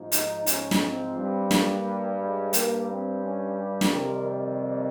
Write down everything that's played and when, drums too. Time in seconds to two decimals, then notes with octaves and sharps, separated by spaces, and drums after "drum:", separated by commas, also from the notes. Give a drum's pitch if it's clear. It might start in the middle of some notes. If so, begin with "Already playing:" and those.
Already playing: G#2 F3
0.12 D#4, drum: hi-hat
0.47 C#4, drum: hi-hat
0.71 drum: snare
0.81 C4
1.15 G2 G3
1.51 A#3, drum: snare
2.19 G#3
2.53 G2 G3 A#3, drum: hi-hat
2.88 C4
3.22 C#4
3.57 G4
3.81 drum: snare
3.92 F2 C3 D#3 G3 A#4